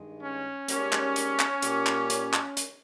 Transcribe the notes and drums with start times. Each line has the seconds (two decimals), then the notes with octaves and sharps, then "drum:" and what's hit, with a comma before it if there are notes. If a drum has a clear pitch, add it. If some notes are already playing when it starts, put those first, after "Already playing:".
Already playing: G2 D#3 G#3
0.22 C#4
0.68 G#2 G3 A#3 C#4, drum: hi-hat
0.93 drum: clap
1.16 drum: hi-hat
1.39 drum: clap
1.62 A#2 G3 A#3, drum: hi-hat
1.86 drum: clap
2.10 drum: hi-hat
2.33 drum: clap
2.57 drum: hi-hat